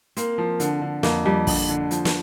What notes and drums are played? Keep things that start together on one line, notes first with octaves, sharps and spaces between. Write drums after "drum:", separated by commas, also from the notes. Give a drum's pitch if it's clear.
A#3 C4, drum: hi-hat
F3
D3, drum: hi-hat
D3
F2 A#3, drum: snare
F2 G3
D3, drum: kick, open hi-hat
D3
F3, drum: hi-hat
drum: snare